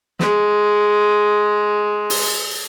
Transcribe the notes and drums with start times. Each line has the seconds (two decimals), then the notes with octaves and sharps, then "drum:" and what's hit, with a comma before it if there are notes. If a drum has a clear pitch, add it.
0.20 G#3, drum: snare
2.10 drum: open hi-hat